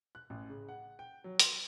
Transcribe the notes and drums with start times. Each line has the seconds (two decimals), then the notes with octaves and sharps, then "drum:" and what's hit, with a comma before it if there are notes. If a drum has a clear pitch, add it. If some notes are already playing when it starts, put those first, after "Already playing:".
0.15 F#6
0.30 A1
0.49 C#3
0.69 F#5
0.99 G5
1.24 F#3
1.40 C6, drum: hi-hat